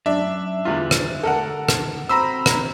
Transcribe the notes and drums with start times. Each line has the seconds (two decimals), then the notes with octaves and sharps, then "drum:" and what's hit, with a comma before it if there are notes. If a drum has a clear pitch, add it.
0.06 F#2 D4 E5
0.65 E2 D3 G3 F4
0.91 drum: rim click
1.23 A4 A#4 F#5
1.69 drum: rim click
2.09 C4 F#4 C5 A#5 B5 E6
2.46 drum: rim click